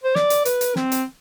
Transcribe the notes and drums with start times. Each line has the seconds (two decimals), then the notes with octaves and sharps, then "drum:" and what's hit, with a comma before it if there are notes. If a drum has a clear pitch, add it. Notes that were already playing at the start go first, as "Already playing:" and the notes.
0.04 C5
0.15 D5, drum: snare
0.30 drum: hi-hat
0.45 B4, drum: hi-hat
0.61 drum: hi-hat
0.76 C4, drum: snare
0.92 drum: hi-hat